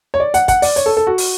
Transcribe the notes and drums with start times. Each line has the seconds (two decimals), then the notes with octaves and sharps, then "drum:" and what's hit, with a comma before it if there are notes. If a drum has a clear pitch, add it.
0.14 C#5
0.20 D5
0.34 F#5, drum: hi-hat
0.48 F#5, drum: kick, hi-hat
0.62 D5, drum: open hi-hat
0.76 C#5, drum: hi-hat
0.86 A4
0.97 A4
1.07 F#4
1.18 drum: open hi-hat